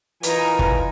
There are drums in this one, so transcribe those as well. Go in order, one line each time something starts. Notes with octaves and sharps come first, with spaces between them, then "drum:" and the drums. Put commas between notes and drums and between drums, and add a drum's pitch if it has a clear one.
E3 D#4 F4 A#4 B4 G#5, drum: hi-hat
drum: kick